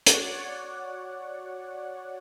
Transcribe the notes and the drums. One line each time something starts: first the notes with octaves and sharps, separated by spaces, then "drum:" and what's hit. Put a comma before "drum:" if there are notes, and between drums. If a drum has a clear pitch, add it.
F#4 C#5 D5 F#5, drum: hi-hat